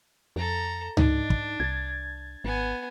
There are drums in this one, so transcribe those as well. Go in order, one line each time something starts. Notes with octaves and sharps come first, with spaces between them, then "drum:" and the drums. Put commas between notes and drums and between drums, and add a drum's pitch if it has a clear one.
F2 A4 A#5
G#2 D4 D#4, drum: tom C#2
drum: kick
C2 G#6 A6
G#1 B3 G#5